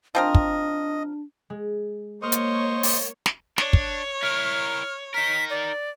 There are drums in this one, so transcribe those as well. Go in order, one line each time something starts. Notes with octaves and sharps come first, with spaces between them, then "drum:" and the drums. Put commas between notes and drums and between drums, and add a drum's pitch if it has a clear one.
F3 C4 D4 A#4 D#5
drum: kick
G#3
A#3 C5 C#5 D#5 C#6 D#6 F6
drum: hi-hat
drum: open hi-hat
drum: snare
D4 C#5, drum: snare
drum: kick
E4 A#4 F6
D#4 A#4 B6
D5